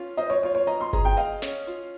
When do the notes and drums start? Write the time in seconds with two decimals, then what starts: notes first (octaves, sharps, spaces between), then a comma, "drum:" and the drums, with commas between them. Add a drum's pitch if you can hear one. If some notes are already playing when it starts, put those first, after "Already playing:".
Already playing: C#4 F4
0.17 C5 D#5, drum: hi-hat
0.30 C#5
0.43 F4 C#5
0.55 C#5
0.67 D#5 A#5, drum: hi-hat
0.81 C6
0.93 G#4 A#5, drum: kick G1, hi-hat
1.05 G5
1.17 D#5 F5, drum: hi-hat
1.42 C#4, drum: snare
1.67 F4, drum: hi-hat